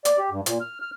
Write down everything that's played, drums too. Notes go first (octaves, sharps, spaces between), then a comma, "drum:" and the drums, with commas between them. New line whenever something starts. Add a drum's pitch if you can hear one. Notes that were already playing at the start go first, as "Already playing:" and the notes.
D5, drum: hi-hat
G4
G2
A#2, drum: hi-hat
F6
F6